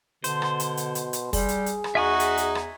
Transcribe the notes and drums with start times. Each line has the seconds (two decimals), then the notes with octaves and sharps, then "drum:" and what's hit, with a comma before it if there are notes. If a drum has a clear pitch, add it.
0.24 B2 D3 C5, drum: hi-hat
0.42 drum: rim click
0.60 drum: hi-hat
0.77 drum: hi-hat
0.95 drum: hi-hat
1.13 drum: hi-hat
1.33 G3 G#4, drum: kick, open hi-hat
1.49 drum: hi-hat
1.66 drum: hi-hat
1.84 drum: rim click
1.95 E2 D#4 F#4 E5 G#5 C#6
2.20 drum: hi-hat
2.37 drum: hi-hat
2.55 drum: rim click